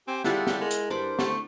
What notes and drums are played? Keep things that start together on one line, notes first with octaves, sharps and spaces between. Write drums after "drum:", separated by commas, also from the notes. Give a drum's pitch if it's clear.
C4 G4 G#5
G3 E4 F4 G#4 A4 D5 F#5 F#6, drum: snare
drum: snare
G#3 A#4
drum: hi-hat
G2 D4 C5 B5 D6
A3 C#6, drum: snare